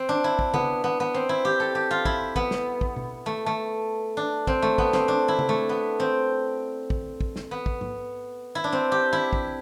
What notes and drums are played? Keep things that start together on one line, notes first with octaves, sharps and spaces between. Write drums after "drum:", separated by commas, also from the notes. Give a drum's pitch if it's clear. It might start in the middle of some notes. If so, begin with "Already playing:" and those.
Already playing: C4
D4
E4
drum: kick
B3, drum: tom C#3
B3
B3
C4
E4
G4
A4
G4
F4
E4, drum: kick
B3, drum: kick
drum: snare
drum: kick
drum: tom B2
A3
A3
D4
C4, drum: kick
A3
B3, drum: kick
C4, drum: snare
D4
E4
drum: tom C#3
A3
B3
C4
drum: kick
drum: kick
drum: snare
B3
drum: kick
drum: tom G#2
E4
D4
C4
G4
E4
drum: kick